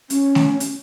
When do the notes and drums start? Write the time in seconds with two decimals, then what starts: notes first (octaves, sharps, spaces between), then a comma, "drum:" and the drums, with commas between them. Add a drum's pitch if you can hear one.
0.10 C#4, drum: hi-hat
0.35 drum: snare A3
0.60 drum: hi-hat